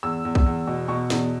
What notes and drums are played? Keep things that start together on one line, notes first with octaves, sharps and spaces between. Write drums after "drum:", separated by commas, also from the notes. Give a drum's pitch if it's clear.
E2 E6
E2
drum: kick B1
E2
B2
B2 C#6
E2, drum: snare